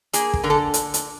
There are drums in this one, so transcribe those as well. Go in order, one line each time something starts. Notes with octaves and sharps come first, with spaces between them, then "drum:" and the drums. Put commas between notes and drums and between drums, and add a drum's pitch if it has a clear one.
A#3 G#4, drum: hi-hat
drum: kick
D3 A#4
A4
drum: hi-hat
drum: hi-hat